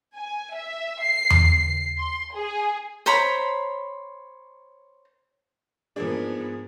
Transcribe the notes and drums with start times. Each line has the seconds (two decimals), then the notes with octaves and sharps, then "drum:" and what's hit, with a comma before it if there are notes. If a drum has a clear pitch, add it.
0.17 G#5
0.55 E5
1.04 C7
1.30 drum: tom E2
1.57 C7
1.99 C6
2.34 G#4
3.06 C5 C#5 A#5 B5
5.96 G#2 F3 A#3 B3 D4 G#4